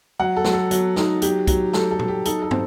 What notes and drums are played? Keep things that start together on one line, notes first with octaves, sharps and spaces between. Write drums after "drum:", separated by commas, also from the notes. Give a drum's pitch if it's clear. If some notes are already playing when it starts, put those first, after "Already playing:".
F#3 F#5
A4
F#3, drum: snare
A4
F#3, drum: hi-hat
D#4, drum: snare
F#3 G4, drum: hi-hat
F#3, drum: kick, hi-hat
F#3 A4, drum: snare
A4
F#3, drum: tom A#2
G4
D#4 A4, drum: hi-hat
A4
C4, drum: tom